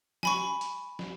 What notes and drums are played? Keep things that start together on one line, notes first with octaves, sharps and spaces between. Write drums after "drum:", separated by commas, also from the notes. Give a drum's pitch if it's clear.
G#5 B5 C#6, drum: snare
drum: hi-hat
drum: snare